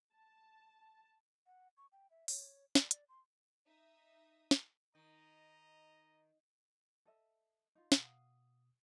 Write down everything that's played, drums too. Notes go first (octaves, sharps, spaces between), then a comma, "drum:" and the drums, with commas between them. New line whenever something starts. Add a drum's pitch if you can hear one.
A5
F#5
C#6
G5
E5
C#5, drum: open hi-hat
D5, drum: snare
D5, drum: hi-hat
C6
D#4 E5 D#6
drum: snare
D#3 D#5 A#5
A4 D#5 E5
D#4 F4
B2 F5 F#5 D#6, drum: snare